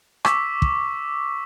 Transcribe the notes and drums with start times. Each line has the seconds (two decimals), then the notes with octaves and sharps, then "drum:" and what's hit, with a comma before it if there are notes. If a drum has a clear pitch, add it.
0.25 C#6 D6 E6 B6, drum: rim click
0.62 drum: kick